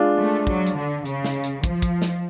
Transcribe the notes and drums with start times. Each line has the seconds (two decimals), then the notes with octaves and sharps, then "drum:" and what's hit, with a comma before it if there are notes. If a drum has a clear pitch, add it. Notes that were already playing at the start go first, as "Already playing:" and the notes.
Already playing: G#3 D4 F4
0.18 A3
0.47 F#3, drum: kick
0.67 drum: hi-hat
0.76 D3
1.05 C#3, drum: hi-hat
1.24 drum: snare
1.44 drum: hi-hat
1.64 F3, drum: kick, hi-hat
1.82 drum: kick, hi-hat
2.02 drum: snare